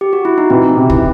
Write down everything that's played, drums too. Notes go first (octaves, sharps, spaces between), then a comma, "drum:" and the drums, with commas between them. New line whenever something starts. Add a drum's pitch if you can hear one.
G4
F#4
E4
D#4
E3 C4
C3
E4, drum: kick